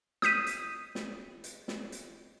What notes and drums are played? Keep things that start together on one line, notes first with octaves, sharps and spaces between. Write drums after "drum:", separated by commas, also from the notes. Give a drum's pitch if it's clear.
D#6 G6 B6 D#7, drum: snare
drum: hi-hat
drum: snare
drum: hi-hat
drum: snare
drum: hi-hat